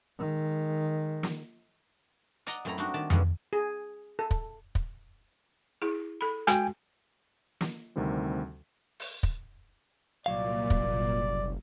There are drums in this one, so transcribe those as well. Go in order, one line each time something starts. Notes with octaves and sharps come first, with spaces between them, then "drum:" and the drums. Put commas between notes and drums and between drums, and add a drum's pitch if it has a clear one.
D#3 G#3
drum: snare
D5 D#5 F#5 A#5, drum: hi-hat
F#2 A3 C4 E4 A#5 B5
G3 C4 D4 D#4 F#4
D#3 D5 A5
B2 D3 F3 G3 G#3 B3, drum: tom F2
G#4
A4
drum: kick
drum: kick
E4 G#4
A4 B5
G#3 F#4 G5 G#5, drum: rim click
drum: snare
D2 C3 D#3 G3 C4
drum: open hi-hat
drum: kick
C2 A#2 F#3 D5 F5
F#1, drum: kick